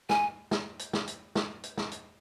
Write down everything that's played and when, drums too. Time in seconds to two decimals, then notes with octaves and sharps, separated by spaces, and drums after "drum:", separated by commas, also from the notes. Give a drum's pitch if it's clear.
0.09 G#5, drum: snare
0.51 drum: snare
0.79 drum: hi-hat
0.93 drum: snare
1.07 drum: hi-hat
1.35 drum: snare
1.64 drum: hi-hat
1.78 drum: snare
1.92 drum: hi-hat